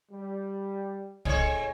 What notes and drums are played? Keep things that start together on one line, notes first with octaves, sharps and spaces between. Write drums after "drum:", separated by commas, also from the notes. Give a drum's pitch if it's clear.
G3
A2 G#3 C4 C#5, drum: kick